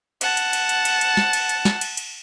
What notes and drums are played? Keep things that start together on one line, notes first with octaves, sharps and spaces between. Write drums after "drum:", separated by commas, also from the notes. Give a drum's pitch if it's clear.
F#5 A5, drum: cymbal
drum: cymbal
drum: cymbal
drum: cymbal
drum: cymbal
drum: cymbal
drum: snare
drum: cymbal
drum: cymbal
drum: snare
drum: cymbal
drum: cymbal